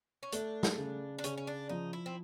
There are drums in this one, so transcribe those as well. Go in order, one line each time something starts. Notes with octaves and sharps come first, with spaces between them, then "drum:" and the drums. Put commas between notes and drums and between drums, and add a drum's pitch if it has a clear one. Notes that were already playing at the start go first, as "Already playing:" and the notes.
C#4
A3 D4, drum: hi-hat
drum: snare
C#3
D4
C#3 C#4, drum: hi-hat
C#4
D4
F3 D#4
E4
C4